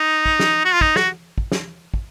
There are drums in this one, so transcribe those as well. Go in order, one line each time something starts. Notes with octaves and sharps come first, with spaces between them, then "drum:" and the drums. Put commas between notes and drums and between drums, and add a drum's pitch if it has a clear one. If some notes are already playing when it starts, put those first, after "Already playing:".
Already playing: D#4
drum: kick
drum: snare
F#4
F4
D#4, drum: kick
F#4, drum: snare
drum: kick
drum: snare
drum: kick